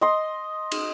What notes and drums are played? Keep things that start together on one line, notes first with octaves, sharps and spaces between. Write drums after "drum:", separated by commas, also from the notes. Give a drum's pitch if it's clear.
D#5 C6
drum: cymbal